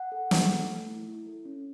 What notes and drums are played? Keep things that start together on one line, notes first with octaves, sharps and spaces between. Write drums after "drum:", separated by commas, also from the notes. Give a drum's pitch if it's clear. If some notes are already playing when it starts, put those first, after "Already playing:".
Already playing: F#5
A4
A3, drum: snare
A4
A3
E4
E4
A4
C#4